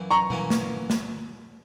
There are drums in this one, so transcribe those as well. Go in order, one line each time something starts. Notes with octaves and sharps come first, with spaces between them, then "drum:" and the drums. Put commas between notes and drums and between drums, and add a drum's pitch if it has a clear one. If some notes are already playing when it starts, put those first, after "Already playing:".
Already playing: F#2 E3 A#3 C#4
A#5 C#6
F#2 E3 A#3 C#4, drum: tom B2
drum: snare
drum: snare